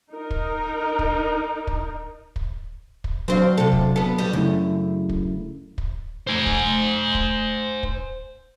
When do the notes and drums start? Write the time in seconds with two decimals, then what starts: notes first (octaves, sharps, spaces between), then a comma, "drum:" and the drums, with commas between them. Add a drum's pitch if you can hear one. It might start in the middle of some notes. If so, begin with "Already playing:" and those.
0.13 D#4 A#4
0.31 drum: kick
0.99 drum: kick
1.67 drum: kick
2.36 drum: kick
3.04 drum: kick
3.28 F#3 C4 D4 C5 F5
3.58 C3 A4
3.73 drum: kick
3.96 B3 A4
4.18 G3
4.33 F#2 C#3 A3 E4
5.09 drum: kick
5.78 drum: kick
6.27 C5 G#5
6.46 drum: kick
7.15 drum: kick
7.83 drum: kick